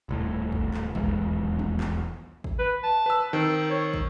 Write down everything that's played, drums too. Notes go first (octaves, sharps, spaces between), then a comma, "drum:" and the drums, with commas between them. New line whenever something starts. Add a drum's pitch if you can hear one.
D#1 C2 A2
drum: kick
drum: clap
D#1 B1 E2 G#3, drum: kick
drum: tom
drum: clap
drum: kick
B4
A5
B4 E6
D#3 C4
C#5
drum: kick